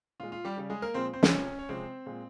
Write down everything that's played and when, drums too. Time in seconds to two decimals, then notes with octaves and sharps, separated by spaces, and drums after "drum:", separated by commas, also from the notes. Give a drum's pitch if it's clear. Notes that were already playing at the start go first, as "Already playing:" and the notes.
0.20 A#2 G#3 F4
0.32 F4
0.45 G3 G4
0.57 C#3 G3
0.70 G#3 G#4
0.82 A#3 A#4
0.94 A#2 F3 G#3 C4 C5
1.13 C4 C5
1.23 C#4 C#5, drum: snare
1.32 C3 F3 G#3
1.59 C#5
1.69 C3 F3 G#3 C4 C5
2.06 A#2 G#3